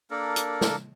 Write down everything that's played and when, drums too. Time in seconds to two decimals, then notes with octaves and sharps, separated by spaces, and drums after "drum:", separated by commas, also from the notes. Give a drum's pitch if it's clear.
0.11 A#3 D4 A4 A#4
0.36 drum: hi-hat
0.61 drum: snare